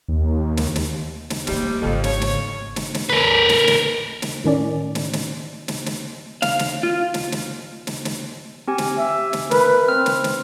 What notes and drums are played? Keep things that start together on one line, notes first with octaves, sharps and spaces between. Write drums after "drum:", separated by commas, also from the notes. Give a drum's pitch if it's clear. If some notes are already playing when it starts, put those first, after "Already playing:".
D#2
drum: snare
drum: snare
drum: snare
C3 D#3 G3 A#3, drum: snare
G#1 F2 C#3
C#5, drum: snare
drum: snare
drum: snare
drum: snare
A#4 B4
drum: snare
drum: snare
drum: snare
A2 D#3 C#4 D5
drum: snare
drum: snare
drum: snare
drum: snare
F5, drum: snare
drum: snare
F4
drum: snare
drum: snare
drum: snare
drum: snare
C4 G4 G#5
drum: snare
E5
drum: snare
A#4 B4, drum: snare
C4 F6
drum: snare
drum: snare